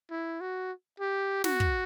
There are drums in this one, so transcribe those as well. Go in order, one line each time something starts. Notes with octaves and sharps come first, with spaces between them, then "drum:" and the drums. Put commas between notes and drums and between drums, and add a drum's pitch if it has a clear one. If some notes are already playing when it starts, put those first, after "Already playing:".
E4
F#4
G4
F#4, drum: snare
drum: kick